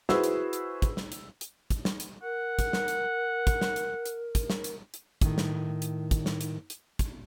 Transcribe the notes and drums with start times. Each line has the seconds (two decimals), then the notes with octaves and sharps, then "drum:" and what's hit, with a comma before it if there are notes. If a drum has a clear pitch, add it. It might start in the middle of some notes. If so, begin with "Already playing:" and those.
0.09 E4 F#4 G#4 B4 C5 E6, drum: snare
0.24 drum: hi-hat
0.53 drum: hi-hat
0.82 drum: kick, hi-hat
0.97 drum: snare
1.12 drum: hi-hat
1.41 drum: hi-hat
1.70 drum: kick, hi-hat
1.85 drum: snare
2.00 drum: hi-hat
2.23 A#4 F#5
2.59 drum: kick, hi-hat
2.73 drum: snare
2.88 drum: hi-hat
3.47 drum: kick, hi-hat
3.61 drum: snare
3.76 drum: hi-hat
4.06 drum: hi-hat
4.35 drum: kick, hi-hat
4.50 drum: snare
4.64 drum: hi-hat
4.94 drum: hi-hat
5.22 A2 D#3, drum: kick, hi-hat
5.38 drum: snare
5.82 drum: hi-hat
6.11 drum: kick, hi-hat
6.26 drum: snare
6.41 drum: hi-hat
6.70 drum: hi-hat
6.99 drum: kick, hi-hat